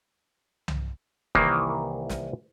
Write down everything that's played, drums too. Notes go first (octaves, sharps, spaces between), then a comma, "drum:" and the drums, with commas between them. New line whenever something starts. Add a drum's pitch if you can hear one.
drum: tom C2
C2 D#3 E3 A#3, drum: kick
drum: snare